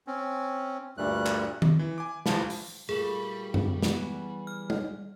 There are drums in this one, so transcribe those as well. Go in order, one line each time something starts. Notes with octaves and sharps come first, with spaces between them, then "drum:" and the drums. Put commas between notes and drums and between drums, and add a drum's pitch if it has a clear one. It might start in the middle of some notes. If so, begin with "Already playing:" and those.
C4 C#4
D2 G2 A#2 G3 A3 F#6
drum: clap
drum: tom D#3
E3
G#5 D6
D2 E3 F3 F5 A5 B5, drum: snare
drum: open hi-hat
A#2 G3 A3 G#4
drum: tom F#2
E3 B3 F#4, drum: snare
F6
drum: tom G3